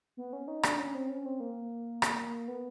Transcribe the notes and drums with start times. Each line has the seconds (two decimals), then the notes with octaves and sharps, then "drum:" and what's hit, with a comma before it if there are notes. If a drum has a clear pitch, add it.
0.17 B3
0.33 C#4
0.48 D#4
0.63 D4, drum: rim click
0.79 C#4
0.94 C4
1.09 C#4
1.26 C4
1.40 A#3
2.02 drum: rim click
2.48 B3